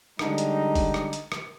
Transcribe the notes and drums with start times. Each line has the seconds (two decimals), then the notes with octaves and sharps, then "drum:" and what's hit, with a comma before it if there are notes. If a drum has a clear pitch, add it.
0.19 D3 G3 G#3 D#4, drum: rim click
0.38 drum: hi-hat
0.75 drum: kick F1, open hi-hat
0.94 drum: rim click
1.13 drum: hi-hat
1.32 drum: rim click